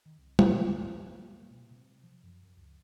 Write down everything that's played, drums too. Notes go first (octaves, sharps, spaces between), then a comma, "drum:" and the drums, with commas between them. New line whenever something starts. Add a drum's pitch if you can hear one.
D#3
C2
G#2, drum: tom
C#2
G#2
A#3
B2
C3
F3
F#2
F#2
C#2